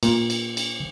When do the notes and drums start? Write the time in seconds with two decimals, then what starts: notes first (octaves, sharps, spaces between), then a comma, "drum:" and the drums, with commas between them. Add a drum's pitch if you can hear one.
0.03 A#2, drum: cymbal
0.30 drum: cymbal
0.57 drum: cymbal